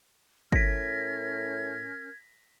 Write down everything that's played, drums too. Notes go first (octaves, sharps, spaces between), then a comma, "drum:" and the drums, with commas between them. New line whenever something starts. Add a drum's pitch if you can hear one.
A2 C#4 A#4 F6 G#6 A#6 B6, drum: kick